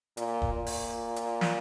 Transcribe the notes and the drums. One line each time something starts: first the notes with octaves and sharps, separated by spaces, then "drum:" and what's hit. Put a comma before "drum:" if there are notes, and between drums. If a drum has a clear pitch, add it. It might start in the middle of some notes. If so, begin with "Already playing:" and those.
A#2, drum: hi-hat
drum: kick
A#2
drum: open hi-hat
drum: hi-hat
drum: snare